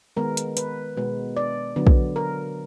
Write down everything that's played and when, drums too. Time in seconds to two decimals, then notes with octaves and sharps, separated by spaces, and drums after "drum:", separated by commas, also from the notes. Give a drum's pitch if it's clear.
0.17 D#3 G#3 B3 A#4
0.37 drum: hi-hat
0.57 B4, drum: hi-hat
0.97 B2 G#3 B3
1.37 D5
1.76 D3 F#3 B3
1.87 drum: kick A#1
2.16 A#4